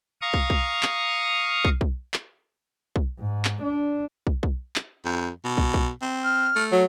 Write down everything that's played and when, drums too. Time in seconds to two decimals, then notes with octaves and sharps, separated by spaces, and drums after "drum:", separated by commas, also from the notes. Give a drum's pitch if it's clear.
0.22 F5 A#5 C#6 D#6
0.34 drum: kick
0.50 drum: kick
0.83 drum: clap
1.65 drum: kick
1.81 drum: kick
2.14 drum: clap
2.96 drum: kick
3.19 G#2
3.45 drum: clap
3.63 D4
4.27 drum: kick
4.43 drum: kick
4.76 drum: clap
5.05 F2
5.45 B2
5.58 drum: kick
5.74 drum: kick
6.02 C4
6.24 F6
6.56 A3
6.72 F#3